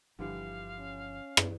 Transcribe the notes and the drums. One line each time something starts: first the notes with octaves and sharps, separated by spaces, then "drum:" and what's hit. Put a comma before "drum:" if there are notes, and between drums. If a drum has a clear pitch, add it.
G1 D3 E3 F3 G3 F5
C#4
drum: rim click